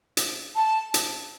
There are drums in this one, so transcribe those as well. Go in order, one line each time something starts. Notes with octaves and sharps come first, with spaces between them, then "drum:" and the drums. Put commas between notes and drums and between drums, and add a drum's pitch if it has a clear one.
drum: hi-hat
A5
drum: hi-hat